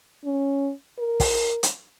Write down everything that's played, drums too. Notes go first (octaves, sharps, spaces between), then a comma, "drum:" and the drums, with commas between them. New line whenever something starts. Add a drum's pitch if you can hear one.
C#4
A#4
drum: kick, open hi-hat
drum: hi-hat